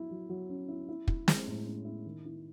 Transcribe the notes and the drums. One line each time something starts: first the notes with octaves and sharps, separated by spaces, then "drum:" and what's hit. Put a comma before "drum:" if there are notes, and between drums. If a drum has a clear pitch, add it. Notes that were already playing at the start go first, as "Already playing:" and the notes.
Already playing: F#3 E4
F#3
F#3
C#4
E4
E4
E4, drum: kick
G#3, drum: snare
A2
C#4
E4
D#3
E4